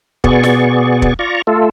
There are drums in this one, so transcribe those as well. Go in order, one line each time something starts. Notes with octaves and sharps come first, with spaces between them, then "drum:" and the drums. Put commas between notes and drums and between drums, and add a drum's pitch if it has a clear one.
B2 B3 G#4 D5 C#6, drum: kick
drum: snare
drum: kick
F4 D5 A#5 C#6
A3 F4 A4